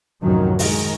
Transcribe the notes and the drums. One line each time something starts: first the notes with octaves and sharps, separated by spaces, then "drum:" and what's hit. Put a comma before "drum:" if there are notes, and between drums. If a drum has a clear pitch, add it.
C2 F#2 A2 D#3 F3 F#3
D#3 G#3, drum: open hi-hat